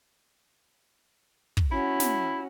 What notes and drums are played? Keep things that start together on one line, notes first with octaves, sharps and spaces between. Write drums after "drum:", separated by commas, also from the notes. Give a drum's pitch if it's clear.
drum: kick
C#4 E4 F#4
drum: snare